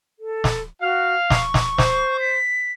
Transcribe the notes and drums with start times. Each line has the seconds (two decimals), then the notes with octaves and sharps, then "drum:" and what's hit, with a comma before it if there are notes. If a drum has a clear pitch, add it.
0.19 A4
0.44 drum: snare
0.81 F#4 F5
1.30 C#6, drum: snare
1.54 drum: snare
1.78 C5, drum: snare
2.20 B6